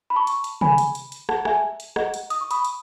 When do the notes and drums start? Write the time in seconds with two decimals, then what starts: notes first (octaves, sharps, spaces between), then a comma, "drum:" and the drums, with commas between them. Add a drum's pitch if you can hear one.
0.10 B5
0.16 A5 C#6
0.27 drum: hi-hat
0.44 drum: hi-hat
0.61 G#5 B5, drum: tom
0.78 drum: hi-hat
0.95 drum: hi-hat
1.12 drum: hi-hat
1.29 F#5 A5, drum: rim click
1.45 E5 G#5, drum: rim click
1.80 drum: hi-hat
1.96 D#5 F#5, drum: rim click
2.14 drum: hi-hat
2.30 D#6, drum: hi-hat
2.41 C#6
2.51 B5 D#6, drum: hi-hat
2.65 drum: hi-hat